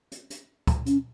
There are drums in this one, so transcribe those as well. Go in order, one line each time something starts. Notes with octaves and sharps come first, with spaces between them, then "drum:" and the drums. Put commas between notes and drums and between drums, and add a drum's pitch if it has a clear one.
drum: hi-hat
drum: hi-hat
drum: kick C#2, hi-hat
C#4, drum: hi-hat